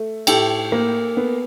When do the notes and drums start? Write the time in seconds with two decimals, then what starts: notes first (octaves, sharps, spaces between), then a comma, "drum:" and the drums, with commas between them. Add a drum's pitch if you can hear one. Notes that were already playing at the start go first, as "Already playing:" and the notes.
Already playing: A3
0.27 A2 G4 A4, drum: cymbal
0.72 A#3
1.17 B3